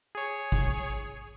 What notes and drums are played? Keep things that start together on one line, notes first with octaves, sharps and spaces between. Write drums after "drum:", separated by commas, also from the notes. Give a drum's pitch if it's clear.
G#4 C#5
drum: kick